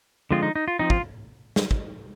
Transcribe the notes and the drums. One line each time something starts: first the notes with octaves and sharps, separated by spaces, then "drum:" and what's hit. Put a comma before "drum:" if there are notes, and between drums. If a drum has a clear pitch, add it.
D3 F3 G#3 C4 F4
D#4
D#4
F4
F3 C4 D#4
F4, drum: kick
drum: snare
drum: kick